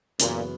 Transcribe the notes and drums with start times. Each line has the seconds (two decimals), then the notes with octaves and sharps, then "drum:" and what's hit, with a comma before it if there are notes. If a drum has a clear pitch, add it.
0.19 F#2 A#2 C#3 E3 B3 F#4, drum: hi-hat